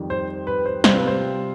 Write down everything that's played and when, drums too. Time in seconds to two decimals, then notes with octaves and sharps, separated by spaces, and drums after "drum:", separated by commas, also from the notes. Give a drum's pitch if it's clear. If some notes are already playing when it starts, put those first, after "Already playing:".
Already playing: F2 D#3 G3
0.10 C5
0.47 B4
0.66 C5
0.84 C3 G3 C4 F4 C5, drum: snare
0.95 B4
1.08 C5